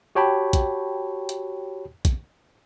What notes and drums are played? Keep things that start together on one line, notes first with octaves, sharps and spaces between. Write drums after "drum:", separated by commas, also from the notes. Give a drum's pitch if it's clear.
F#4 G4 C#5 G5 A5 B5
drum: kick, hi-hat
drum: hi-hat
drum: kick, hi-hat